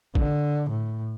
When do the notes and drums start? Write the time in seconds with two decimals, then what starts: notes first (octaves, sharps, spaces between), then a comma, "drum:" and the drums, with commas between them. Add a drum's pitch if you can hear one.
0.15 D3, drum: kick A#1
0.69 A2